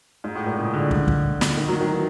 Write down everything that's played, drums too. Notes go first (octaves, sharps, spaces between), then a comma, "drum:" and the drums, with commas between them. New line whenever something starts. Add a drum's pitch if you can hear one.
G#2
A2
A#2
C#3
D3
drum: kick
drum: kick
drum: snare
D#3
F#3
D#3
E3